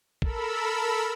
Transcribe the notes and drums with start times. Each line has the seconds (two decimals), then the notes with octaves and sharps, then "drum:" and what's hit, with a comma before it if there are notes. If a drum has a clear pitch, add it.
0.22 A4 A#4 B5 E6, drum: kick